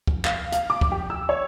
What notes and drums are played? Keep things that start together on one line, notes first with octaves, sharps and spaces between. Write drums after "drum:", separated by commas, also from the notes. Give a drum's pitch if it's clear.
drum: kick
F5, drum: clap
F5, drum: hi-hat
D6
drum: kick
G4
E6
C#5